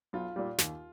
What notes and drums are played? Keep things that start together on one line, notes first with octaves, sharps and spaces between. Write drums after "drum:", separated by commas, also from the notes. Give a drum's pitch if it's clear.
B1 F4
A#2 G3
D#2, drum: snare